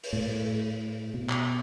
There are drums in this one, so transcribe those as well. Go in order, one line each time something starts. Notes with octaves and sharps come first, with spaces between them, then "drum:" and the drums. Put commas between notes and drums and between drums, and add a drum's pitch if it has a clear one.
drum: open hi-hat
A2
B2
drum: clap